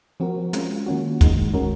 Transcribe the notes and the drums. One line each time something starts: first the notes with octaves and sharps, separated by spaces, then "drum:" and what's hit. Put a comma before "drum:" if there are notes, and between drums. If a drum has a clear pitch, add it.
F3 C4 F#4 A#4
G#3 C#4 F4, drum: hi-hat
D#3 A#3 C#4 F#4
D#3 G#3 D#4, drum: kick, hi-hat
G#3 C#4 F#4 A#4